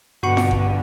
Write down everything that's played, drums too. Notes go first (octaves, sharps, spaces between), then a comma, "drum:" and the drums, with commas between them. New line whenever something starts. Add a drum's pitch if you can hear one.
G2 B2 D3 F#4 F#5 C#6 C#7
drum: snare
drum: kick G1